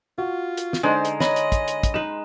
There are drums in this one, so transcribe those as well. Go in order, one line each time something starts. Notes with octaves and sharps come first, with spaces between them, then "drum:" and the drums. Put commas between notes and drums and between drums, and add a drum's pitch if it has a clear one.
F4 F#4
drum: hi-hat
drum: snare
D3 G#3 D4 D#4 C5
drum: hi-hat
C#5 D#5 B5, drum: snare
drum: hi-hat
drum: kick, hi-hat
drum: hi-hat
drum: kick, hi-hat
D#4 B4 E7